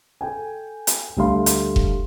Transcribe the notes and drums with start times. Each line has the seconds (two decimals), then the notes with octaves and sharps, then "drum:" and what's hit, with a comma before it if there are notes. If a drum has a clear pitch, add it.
0.21 A4 G5 G#5
0.87 drum: hi-hat
1.17 D2 G3 A3 F5 C6
1.46 drum: hi-hat
1.76 drum: kick F1